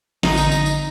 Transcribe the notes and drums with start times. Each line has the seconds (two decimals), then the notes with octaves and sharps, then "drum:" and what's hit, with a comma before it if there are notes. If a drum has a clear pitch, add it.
0.23 A1 D3 D#4 D#5, drum: snare
0.37 drum: tambourine
0.52 drum: tambourine
0.66 drum: tambourine